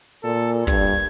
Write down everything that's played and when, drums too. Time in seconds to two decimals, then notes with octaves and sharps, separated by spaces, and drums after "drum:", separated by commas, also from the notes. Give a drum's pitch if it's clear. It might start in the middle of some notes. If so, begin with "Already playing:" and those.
0.24 A#2 A4
0.67 G2 G#6, drum: kick